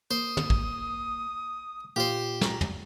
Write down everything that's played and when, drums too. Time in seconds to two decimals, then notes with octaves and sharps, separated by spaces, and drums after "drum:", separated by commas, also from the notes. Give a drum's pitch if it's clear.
0.11 A#3 C5 D#6
0.37 drum: tom
0.50 drum: kick
1.96 A#2 F4 G4 C5
2.41 A#5, drum: snare
2.61 drum: tom